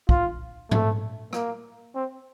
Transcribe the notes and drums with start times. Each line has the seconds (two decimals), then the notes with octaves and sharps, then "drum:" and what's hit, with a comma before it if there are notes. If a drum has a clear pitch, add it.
0.09 F4, drum: kick
0.71 A3, drum: tom G#2
1.33 A#3, drum: rim click
1.95 C4